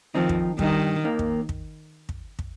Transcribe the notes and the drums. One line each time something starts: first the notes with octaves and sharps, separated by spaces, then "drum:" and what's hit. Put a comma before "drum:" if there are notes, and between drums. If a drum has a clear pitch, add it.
F2 D#3 F3 C4 D#4
drum: kick
G2 D#3 G3 D#4, drum: kick
D#2 D#3 A#3
drum: kick
drum: kick
drum: kick
drum: kick